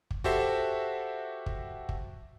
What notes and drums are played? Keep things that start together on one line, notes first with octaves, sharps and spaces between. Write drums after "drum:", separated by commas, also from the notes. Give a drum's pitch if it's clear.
drum: kick
F#4 G4 A4 C5 E5, drum: kick
drum: kick
drum: kick